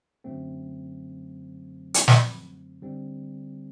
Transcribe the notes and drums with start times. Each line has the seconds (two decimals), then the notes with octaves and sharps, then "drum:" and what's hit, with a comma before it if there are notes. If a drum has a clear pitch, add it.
0.24 F#2 D3 F#3 A3 C4
1.94 drum: hi-hat
2.08 drum: snare
2.82 D3 G3 C4